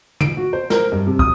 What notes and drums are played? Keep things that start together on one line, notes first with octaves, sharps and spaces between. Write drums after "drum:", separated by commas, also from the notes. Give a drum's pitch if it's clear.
D7, drum: tom
F#4
C5
A#4, drum: snare
G2
C3
D#6, drum: kick